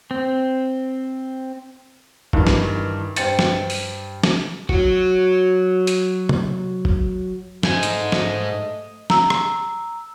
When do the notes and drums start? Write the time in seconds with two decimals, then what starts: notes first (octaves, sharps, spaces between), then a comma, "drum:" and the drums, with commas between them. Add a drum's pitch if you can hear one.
0.11 C4
2.33 G2 D#3 E3, drum: kick
2.47 drum: snare
3.16 G2 C5 G5 A6 C#7, drum: hi-hat
3.39 drum: snare
3.70 drum: open hi-hat
4.24 drum: snare
4.69 F#3 F#4, drum: kick
5.87 drum: hi-hat
6.29 drum: tom C3
6.85 drum: kick
7.63 G#2 A3 D#5 G#5, drum: snare
7.83 drum: hi-hat
8.12 drum: snare
9.10 A#5 E6, drum: snare
9.30 drum: rim click